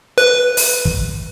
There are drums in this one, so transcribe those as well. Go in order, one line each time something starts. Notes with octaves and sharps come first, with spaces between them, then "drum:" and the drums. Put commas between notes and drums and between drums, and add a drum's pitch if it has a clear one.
B4
drum: open hi-hat
drum: kick